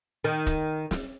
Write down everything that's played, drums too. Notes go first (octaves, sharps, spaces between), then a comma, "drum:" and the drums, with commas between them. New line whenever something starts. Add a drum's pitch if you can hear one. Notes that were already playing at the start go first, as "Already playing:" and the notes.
D#3
drum: kick, hi-hat
drum: snare